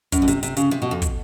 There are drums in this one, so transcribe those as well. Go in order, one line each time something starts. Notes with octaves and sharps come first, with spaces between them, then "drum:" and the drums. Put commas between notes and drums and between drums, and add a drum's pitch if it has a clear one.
F#2, drum: kick, hi-hat
B2
C3, drum: hi-hat
C3, drum: hi-hat
C#3, drum: hi-hat
C3
B2
F2
drum: kick, hi-hat